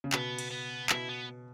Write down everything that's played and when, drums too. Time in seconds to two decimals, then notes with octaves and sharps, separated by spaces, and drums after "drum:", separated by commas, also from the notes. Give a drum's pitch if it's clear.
0.04 C#3
0.12 B2 B3, drum: clap
0.39 drum: cymbal
0.51 B3
0.89 B2 E4, drum: clap
1.09 B3